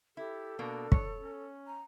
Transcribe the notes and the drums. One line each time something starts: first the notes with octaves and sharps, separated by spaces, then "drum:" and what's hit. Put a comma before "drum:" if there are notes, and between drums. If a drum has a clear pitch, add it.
E4 G4 A4
B2 A#3 D4
C#5, drum: kick
C#4
A#5